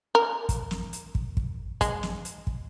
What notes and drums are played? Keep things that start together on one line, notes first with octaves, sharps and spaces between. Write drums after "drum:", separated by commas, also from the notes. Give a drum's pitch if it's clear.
A#4
drum: kick, hi-hat
drum: snare
drum: hi-hat
drum: kick
drum: kick
G#3, drum: kick, hi-hat
drum: snare
drum: hi-hat
drum: kick